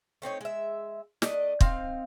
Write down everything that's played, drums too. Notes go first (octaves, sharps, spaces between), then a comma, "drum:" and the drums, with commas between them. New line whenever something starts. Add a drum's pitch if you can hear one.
A3 C4 D#4 C#5
G#3 E5
A3 D4 D#5, drum: snare
C4 D#4 F5, drum: kick